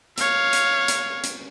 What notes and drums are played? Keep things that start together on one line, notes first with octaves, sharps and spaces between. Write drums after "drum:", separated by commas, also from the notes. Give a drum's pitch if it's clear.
C#5 F5, drum: hi-hat
drum: hi-hat
drum: hi-hat
drum: hi-hat